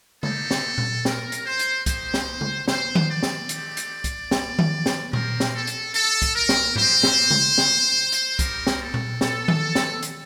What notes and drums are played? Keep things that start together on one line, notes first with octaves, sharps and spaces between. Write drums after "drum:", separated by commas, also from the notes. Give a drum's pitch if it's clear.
A#3 D#4 G4 A4, drum: tom C#3
drum: snare
drum: tom A#2
A#4, drum: snare
drum: hi-hat
C5
drum: hi-hat
A3 D#4 G4 C5, drum: kick C2, hi-hat
drum: snare
drum: tom C#3
C5, drum: snare
drum: tom D#3
D5
drum: snare
A3 C4 D#4 G4, drum: hi-hat
drum: hi-hat
drum: kick C2, hi-hat
drum: snare
drum: tom D#3
drum: snare
C4 G4 A#4, drum: tom A#2
drum: snare
A4
drum: hi-hat
A4, drum: hi-hat
drum: kick C2, hi-hat
A#4
drum: snare
C4 G4 C5, drum: tom G#2
drum: snare
drum: tom C#3
drum: snare
drum: hi-hat
G3 C4 D#4 G4 A#4, drum: kick C2, hi-hat
drum: snare
A4
drum: tom A#2
A4, drum: snare
drum: tom D#3
drum: snare
drum: hi-hat